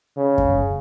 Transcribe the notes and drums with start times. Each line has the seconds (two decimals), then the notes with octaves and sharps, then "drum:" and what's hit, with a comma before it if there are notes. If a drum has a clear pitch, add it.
0.17 C#3
0.38 drum: kick F#2